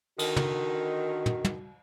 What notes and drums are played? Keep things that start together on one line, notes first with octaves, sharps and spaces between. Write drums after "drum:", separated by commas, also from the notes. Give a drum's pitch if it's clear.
D3 D#3 F#4, drum: cymbal
drum: tom
drum: tom
drum: tom